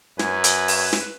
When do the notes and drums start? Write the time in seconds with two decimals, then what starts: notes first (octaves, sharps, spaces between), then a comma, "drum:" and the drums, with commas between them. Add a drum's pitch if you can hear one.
0.19 F#2 B4 G#5, drum: snare
0.44 drum: hi-hat
0.68 drum: open hi-hat
0.93 drum: snare